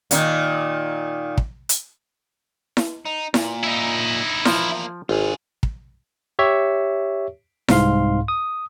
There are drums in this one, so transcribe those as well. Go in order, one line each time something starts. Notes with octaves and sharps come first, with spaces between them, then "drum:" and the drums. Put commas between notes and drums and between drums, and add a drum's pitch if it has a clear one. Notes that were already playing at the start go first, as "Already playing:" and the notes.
A#2 D#3 D#4, drum: hi-hat
drum: kick
drum: hi-hat
drum: snare E4
D#4
A#2, drum: snare E4
D#4 E4
E2 F3 A#3, drum: snare E4
G#1 F4 G#4
drum: kick
G4 C#5 E5
C2 G#2 F5 C6, drum: snare E4
D#6